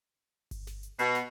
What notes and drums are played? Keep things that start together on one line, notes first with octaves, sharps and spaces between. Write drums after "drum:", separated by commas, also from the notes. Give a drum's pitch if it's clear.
drum: kick G1, open hi-hat
drum: snare
drum: hi-hat
B2, drum: hi-hat
drum: snare